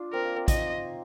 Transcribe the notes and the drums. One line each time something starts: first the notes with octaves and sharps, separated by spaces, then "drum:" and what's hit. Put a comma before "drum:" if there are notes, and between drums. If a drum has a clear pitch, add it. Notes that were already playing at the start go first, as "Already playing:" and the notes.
Already playing: D4 F4
C4 A#4
A#3
C4
D#4 D#5, drum: kick, hi-hat